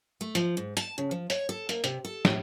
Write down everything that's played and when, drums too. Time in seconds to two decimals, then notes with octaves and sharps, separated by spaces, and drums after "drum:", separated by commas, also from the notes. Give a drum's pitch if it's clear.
0.21 A3
0.35 F3, drum: hi-hat
0.57 G#2
0.77 A5, drum: hi-hat
0.98 C#3
1.11 F3
1.30 C#5, drum: hi-hat
1.49 A4
1.69 A#3, drum: hi-hat
1.84 C3, drum: hi-hat
2.05 A4
2.25 A2, drum: snare